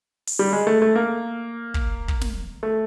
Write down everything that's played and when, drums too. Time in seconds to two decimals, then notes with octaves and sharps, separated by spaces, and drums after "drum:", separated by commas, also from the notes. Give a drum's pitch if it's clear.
0.27 drum: open hi-hat
0.39 G3
0.53 G#3
0.67 A3
0.82 A3
0.95 A#3
1.74 drum: kick
2.08 drum: kick
2.21 drum: snare
2.63 A3